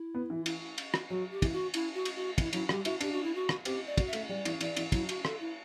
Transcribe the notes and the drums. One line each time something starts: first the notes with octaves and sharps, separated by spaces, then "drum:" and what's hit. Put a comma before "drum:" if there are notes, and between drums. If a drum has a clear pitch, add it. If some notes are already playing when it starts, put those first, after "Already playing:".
Already playing: E4
B3
E3
drum: cymbal
drum: cymbal
drum: rim click
F#3 F#4
G4
E3, drum: kick, cymbal
F#4
E4, drum: cymbal
F#4
drum: cymbal
F#4
E3 E4, drum: kick, cymbal
F#3 E4, drum: cymbal
G3 G4, drum: rim click
E4 F#4, drum: cymbal
D4 G4, drum: cymbal
F#4
E4
F#4
drum: rim click
C4 G4, drum: cymbal
D5
F#4, drum: kick, cymbal
E5
A3, drum: cymbal
G3 D5
E3, drum: cymbal
E3 D5, drum: cymbal
E3, drum: cymbal
F#3 E4, drum: kick, cymbal
F#4, drum: cymbal
A4, drum: rim click
E4